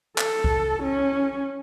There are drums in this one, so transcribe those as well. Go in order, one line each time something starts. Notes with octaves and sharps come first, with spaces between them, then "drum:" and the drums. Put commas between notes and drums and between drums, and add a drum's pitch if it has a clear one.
A4, drum: clap
drum: kick C2
C#4